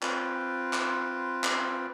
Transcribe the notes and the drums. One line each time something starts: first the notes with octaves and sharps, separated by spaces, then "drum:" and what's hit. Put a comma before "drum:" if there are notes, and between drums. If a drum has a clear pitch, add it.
C4 F4 B4, drum: clap
drum: clap
drum: clap